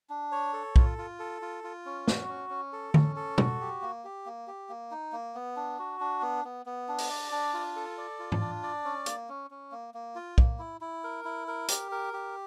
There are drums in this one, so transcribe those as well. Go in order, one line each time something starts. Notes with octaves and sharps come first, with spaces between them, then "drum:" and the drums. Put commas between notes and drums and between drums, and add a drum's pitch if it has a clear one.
D4
C#5
A4
F4, drum: kick
F4
A4
F4
F4
C#4
F#4, drum: snare
C#4
C#4
A4
C#4, drum: tom D3
A4
F#4, drum: tom
G4
A#3
G4
A#3
G4
A#3
D#4
A#3
B3
D4
F#4
D4
B3
B3
B3
D4
drum: open hi-hat
D5
D4
F4
A4
D5
F4
drum: tom
D4
D5
C#4
A#3, drum: hi-hat
C#4
C#4
A#3
A#3
F4
A#3, drum: kick
E4
E4
A#4
E4
A#4
G4, drum: hi-hat
A#4
G4